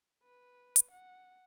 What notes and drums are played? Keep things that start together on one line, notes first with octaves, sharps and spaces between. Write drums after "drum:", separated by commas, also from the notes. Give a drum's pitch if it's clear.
B4
drum: hi-hat
F#5